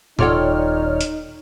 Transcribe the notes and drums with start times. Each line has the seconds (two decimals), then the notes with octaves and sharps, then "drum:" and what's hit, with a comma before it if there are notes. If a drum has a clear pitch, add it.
0.19 D#1 D#4 F4 A4 C#5 D5 G5 F6, drum: tom
1.01 drum: hi-hat